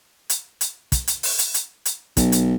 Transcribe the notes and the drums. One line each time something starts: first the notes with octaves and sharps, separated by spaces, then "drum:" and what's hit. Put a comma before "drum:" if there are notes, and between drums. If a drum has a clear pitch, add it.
drum: hi-hat
drum: hi-hat
drum: kick, hi-hat
drum: hi-hat
drum: open hi-hat
drum: hi-hat
drum: hi-hat
drum: hi-hat
B1, drum: kick, hi-hat
drum: hi-hat